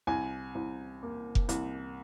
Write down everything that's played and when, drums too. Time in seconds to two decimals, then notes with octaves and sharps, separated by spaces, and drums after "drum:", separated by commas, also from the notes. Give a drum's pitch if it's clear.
0.07 C2 G#5
0.55 C2
1.03 A#3
1.35 drum: kick F1
1.49 C2, drum: hi-hat